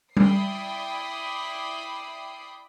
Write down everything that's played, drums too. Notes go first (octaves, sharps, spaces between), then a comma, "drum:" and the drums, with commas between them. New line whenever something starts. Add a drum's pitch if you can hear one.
E4 D5 G5 B5 D#6 C7, drum: tom G3